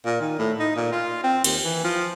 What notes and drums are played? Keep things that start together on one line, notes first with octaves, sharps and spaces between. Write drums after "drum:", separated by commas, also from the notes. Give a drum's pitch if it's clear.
A#2
D#3
A2
D#4
A#2
F4
C4
D#2, drum: cymbal
E3
F3